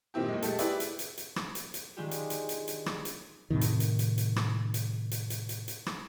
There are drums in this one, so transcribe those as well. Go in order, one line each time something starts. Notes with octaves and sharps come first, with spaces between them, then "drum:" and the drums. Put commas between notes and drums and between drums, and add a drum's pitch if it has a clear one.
A#2 D#3 C4 E4 G4
D#2 G#3
G#3 A3 G4 A4, drum: hi-hat
E4 G4 G#4 B4 D5 E5, drum: hi-hat
drum: hi-hat
drum: hi-hat
drum: hi-hat
drum: rim click
drum: hi-hat
drum: hi-hat
D#3 G3 G#3 D4 F4 G4
drum: hi-hat
drum: hi-hat
drum: hi-hat
drum: hi-hat
drum: rim click
drum: hi-hat
A2 C3 D#3
drum: hi-hat
drum: hi-hat
drum: hi-hat
drum: hi-hat
drum: rim click
drum: hi-hat
drum: hi-hat
drum: hi-hat
drum: hi-hat
drum: hi-hat
drum: rim click